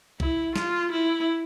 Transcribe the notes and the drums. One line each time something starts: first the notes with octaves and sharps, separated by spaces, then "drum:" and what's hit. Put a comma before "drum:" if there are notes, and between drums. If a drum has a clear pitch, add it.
E4, drum: kick B1
F4, drum: snare
E4